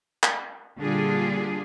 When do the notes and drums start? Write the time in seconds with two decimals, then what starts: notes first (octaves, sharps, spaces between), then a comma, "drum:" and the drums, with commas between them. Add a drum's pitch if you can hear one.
0.23 drum: clap
0.80 A#2 D3 G3 D4 F4 G#4